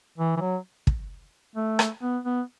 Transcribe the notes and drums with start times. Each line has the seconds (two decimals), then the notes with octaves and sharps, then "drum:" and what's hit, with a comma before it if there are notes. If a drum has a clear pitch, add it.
0.18 E3
0.37 E3
0.41 F#3
0.87 drum: kick
1.56 A3
1.79 drum: rim click
2.02 B3
2.25 B3